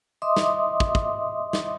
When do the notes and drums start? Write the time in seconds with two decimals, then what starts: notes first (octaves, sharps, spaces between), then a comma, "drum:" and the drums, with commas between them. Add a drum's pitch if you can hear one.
0.22 D#5 E5 C6 D6 D#6
0.36 drum: snare
0.80 drum: kick
0.95 drum: kick
1.53 drum: snare